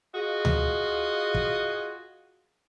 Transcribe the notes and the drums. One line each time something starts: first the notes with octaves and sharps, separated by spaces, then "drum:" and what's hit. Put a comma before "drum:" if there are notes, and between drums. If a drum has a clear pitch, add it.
F4 F#4 G#4 D#5
drum: tom D2
drum: kick